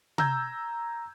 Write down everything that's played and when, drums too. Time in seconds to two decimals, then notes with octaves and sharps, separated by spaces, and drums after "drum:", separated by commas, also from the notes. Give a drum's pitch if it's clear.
0.18 A#5 E6 G6 G#6, drum: tom C3